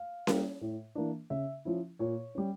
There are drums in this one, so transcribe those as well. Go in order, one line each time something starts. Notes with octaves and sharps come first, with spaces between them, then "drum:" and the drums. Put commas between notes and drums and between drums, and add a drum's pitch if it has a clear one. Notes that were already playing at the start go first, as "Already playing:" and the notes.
Already playing: F5
G3 A#3 E4, drum: snare C#4
A2
E3 A#3 D4
C#3 E5
F3 C#4 E4
A#2 C#5
G3 C#4